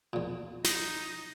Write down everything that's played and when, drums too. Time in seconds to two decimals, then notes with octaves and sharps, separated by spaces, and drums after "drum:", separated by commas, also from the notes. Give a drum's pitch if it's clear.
0.13 E2 A#2
0.64 D#4, drum: snare